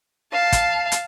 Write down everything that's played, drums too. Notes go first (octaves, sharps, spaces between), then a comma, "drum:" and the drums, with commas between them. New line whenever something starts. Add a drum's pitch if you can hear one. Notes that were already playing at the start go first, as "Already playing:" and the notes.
F5 A5
drum: kick, hi-hat
drum: hi-hat